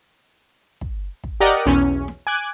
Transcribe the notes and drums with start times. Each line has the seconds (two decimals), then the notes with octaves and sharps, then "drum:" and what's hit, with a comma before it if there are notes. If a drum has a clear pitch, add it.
0.81 drum: kick
1.24 drum: kick
1.40 G4 A#4 D5 D#5 F#5
1.66 B1 E2 C#4
2.08 drum: snare
2.27 G#5 D6 F#6 G#6